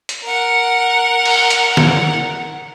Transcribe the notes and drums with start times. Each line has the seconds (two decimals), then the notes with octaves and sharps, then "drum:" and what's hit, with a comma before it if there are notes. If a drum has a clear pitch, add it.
0.09 drum: hi-hat
0.25 A#4 F#5
1.25 drum: cymbal
1.50 drum: hi-hat
1.77 drum: snare